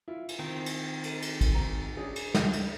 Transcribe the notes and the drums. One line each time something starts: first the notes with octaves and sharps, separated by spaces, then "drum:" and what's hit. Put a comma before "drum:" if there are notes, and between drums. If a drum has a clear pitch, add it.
E4 F4
drum: cymbal
D#3 C4
drum: cymbal
drum: cymbal
drum: cymbal
drum: kick, cymbal
G#2 A#5
C#4 D4 G#4
drum: cymbal
drum: snare
drum: cymbal